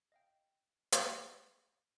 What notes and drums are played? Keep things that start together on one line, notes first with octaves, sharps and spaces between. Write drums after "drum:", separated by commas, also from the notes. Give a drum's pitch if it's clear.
D#5 F5 G5
drum: hi-hat